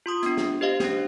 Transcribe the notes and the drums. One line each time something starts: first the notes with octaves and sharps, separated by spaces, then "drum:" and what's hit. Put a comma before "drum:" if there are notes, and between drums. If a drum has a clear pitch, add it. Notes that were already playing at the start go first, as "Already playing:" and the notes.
F4 C6 D#6
B3 D4, drum: hi-hat
drum: snare
G4 C5 D#5 F5
C#4 D4, drum: snare